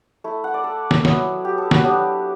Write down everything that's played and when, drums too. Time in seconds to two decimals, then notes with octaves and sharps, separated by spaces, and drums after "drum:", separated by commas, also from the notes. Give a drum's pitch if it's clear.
0.24 A3 E4
0.44 F#5
0.54 D5
0.64 A4
0.91 drum: snare
1.05 F#3 B3 E4, drum: snare
1.45 G4
1.58 A4
1.71 F#4, drum: snare
1.84 F#3 B3 D4 G4